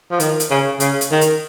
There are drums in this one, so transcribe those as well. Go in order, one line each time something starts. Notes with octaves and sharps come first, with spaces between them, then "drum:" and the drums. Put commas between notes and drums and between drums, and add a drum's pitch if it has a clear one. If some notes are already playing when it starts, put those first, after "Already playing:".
F3
D#3, drum: hi-hat
drum: hi-hat
C#3
C#3, drum: hi-hat
drum: hi-hat
D#3
drum: hi-hat